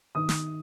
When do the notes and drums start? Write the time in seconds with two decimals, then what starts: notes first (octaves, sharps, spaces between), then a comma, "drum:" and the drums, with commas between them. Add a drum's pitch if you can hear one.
0.15 D#3 D#6
0.29 drum: snare